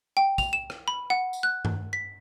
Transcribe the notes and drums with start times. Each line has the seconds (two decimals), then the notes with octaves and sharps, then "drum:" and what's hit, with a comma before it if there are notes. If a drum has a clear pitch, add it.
0.17 G5
0.38 F7, drum: kick, tambourine
0.53 E7
0.70 drum: rim click
0.88 B5
1.10 F#5
1.33 drum: tambourine
1.43 F#6
1.65 drum: tom G2
1.93 B6